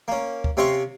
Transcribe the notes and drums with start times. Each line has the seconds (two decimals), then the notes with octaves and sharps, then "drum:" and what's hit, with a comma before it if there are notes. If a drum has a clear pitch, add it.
0.08 A#3 C#4
0.44 drum: kick
0.57 C3 C4 C#4 F5 C6 C#6